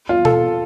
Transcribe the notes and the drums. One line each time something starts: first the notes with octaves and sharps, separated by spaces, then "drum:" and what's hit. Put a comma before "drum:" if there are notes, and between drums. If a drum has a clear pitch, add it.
F4
A4, drum: tom B2